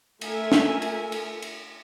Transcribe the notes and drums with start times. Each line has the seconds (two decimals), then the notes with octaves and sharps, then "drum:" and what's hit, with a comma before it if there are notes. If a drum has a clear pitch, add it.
0.21 A3 F4 A4 A#4 E5 G#5, drum: cymbal
0.52 drum: snare
0.82 drum: cymbal
1.12 drum: cymbal
1.42 drum: cymbal